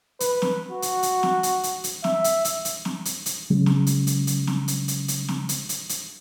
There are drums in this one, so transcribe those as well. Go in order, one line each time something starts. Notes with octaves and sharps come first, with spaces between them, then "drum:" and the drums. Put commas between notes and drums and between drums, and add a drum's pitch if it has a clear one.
B4, drum: hi-hat
drum: snare
F#4
drum: hi-hat
drum: hi-hat
drum: snare
drum: hi-hat
drum: hi-hat
drum: hi-hat
E5, drum: snare
drum: hi-hat
drum: hi-hat
drum: hi-hat
drum: snare
drum: hi-hat
drum: hi-hat
C#3 F#3 G#3 C#4
drum: snare
drum: hi-hat
drum: hi-hat
drum: hi-hat
drum: snare
drum: hi-hat
drum: hi-hat
drum: hi-hat
drum: snare
drum: hi-hat
drum: hi-hat
drum: hi-hat